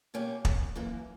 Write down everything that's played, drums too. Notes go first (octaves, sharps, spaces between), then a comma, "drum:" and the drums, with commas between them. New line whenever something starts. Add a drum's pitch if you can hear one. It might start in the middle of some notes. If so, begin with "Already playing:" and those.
B2 A#3 C#4 G4
drum: kick
F#2 E3 A#3